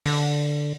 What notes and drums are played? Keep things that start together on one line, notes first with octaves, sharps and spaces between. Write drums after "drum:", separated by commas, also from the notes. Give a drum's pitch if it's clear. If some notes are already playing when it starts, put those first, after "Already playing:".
D3, drum: open hi-hat